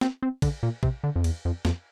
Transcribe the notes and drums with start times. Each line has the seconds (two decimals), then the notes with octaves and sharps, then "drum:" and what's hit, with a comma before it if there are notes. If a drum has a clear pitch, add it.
0.01 C4, drum: snare
0.23 C4
0.42 D3, drum: kick, cymbal
0.63 A#2
0.83 C3, drum: kick
1.04 D3
1.16 F2
1.24 E2, drum: cymbal
1.45 F2
1.65 F2, drum: snare